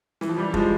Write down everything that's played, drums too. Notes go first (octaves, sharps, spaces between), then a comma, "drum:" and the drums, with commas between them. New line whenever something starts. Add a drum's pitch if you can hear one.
E3, drum: snare
F3
E3 G3
F3 G#3, drum: kick